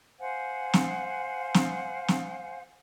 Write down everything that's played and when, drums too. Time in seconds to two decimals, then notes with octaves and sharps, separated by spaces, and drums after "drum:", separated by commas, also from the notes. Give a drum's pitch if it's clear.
0.20 C5 F5 F#5 G#5
0.73 drum: snare
1.54 drum: snare
2.08 drum: snare